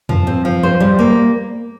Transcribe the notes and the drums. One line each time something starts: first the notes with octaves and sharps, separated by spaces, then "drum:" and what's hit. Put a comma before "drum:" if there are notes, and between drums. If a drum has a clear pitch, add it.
F3, drum: tom F2
C4
F3
C5
G3
A#3